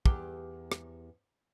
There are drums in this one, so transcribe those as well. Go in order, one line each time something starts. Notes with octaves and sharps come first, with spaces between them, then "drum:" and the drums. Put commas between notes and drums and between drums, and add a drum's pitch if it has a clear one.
E2 G4, drum: kick
drum: rim click